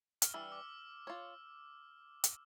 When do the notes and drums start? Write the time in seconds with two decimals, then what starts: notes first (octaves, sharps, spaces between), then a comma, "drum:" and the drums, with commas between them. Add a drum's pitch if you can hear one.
0.22 F6, drum: hi-hat
0.34 E3 G3 D4 E6
0.52 D6
1.07 F4 C#5
2.24 drum: hi-hat